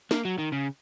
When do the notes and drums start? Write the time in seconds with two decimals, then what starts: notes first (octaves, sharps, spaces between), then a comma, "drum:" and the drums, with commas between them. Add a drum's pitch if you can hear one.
0.11 A#3, drum: snare
0.25 F#3
0.38 D#3
0.52 C#3